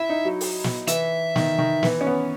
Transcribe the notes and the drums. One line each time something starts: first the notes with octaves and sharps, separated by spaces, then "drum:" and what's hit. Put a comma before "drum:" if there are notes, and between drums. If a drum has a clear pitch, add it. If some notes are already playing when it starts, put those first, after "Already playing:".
Already playing: E4 E5
D#4
F#3
drum: open hi-hat
drum: snare
E3 E5, drum: hi-hat
D#3, drum: snare
D#3
E3, drum: snare
C#4
B3